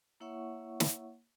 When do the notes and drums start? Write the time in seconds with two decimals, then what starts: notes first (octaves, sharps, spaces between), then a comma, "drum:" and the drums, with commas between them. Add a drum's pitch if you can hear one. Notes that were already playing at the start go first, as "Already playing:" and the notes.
0.20 A#3 E4 C#5 E5 F#5 C#6
0.80 drum: snare